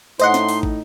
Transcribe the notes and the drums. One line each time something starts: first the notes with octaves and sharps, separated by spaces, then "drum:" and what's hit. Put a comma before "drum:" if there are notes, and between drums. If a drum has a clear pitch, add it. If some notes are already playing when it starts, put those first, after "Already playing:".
A2 D#4 C5 D#5 F#5 C6, drum: hi-hat
drum: snare
drum: open hi-hat
drum: kick